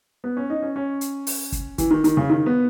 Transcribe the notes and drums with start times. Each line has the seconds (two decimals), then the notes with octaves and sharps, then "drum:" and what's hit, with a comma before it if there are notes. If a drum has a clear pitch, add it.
0.24 B3
0.37 C#4
0.50 D#4
0.62 C#4
0.76 C#4
1.01 drum: hi-hat
1.27 drum: open hi-hat
1.52 drum: kick, hi-hat
1.78 E3, drum: kick, hi-hat
1.91 D#3
2.04 D#3, drum: hi-hat
2.17 C#3
2.30 D#3
2.46 B3